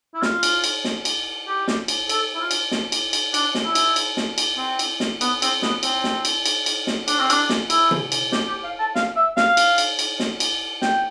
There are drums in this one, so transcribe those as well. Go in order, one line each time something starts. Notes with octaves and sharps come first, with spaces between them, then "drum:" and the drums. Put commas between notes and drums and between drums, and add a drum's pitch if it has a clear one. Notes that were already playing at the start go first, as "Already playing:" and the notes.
E4
F4, drum: snare
drum: cymbal
drum: cymbal
drum: snare
drum: cymbal
G4
drum: snare
drum: cymbal
A4, drum: cymbal
E4
F4
drum: cymbal
drum: snare
drum: cymbal
drum: cymbal
D4, drum: cymbal
drum: snare
E4
drum: cymbal
drum: cymbal
drum: snare
drum: cymbal
C4
drum: cymbal
drum: snare
B3, drum: cymbal
C4, drum: cymbal
B3, drum: snare
C4, drum: cymbal
drum: snare
drum: cymbal
drum: cymbal
drum: cymbal
drum: snare
D4, drum: cymbal
C4
D4, drum: cymbal
drum: snare
E4, drum: cymbal
drum: tom
drum: cymbal
G4, drum: snare
G4
F5
A5
F5, drum: snare
E5
F5, drum: snare
drum: cymbal
drum: cymbal
drum: cymbal
drum: snare
drum: cymbal
G5, drum: snare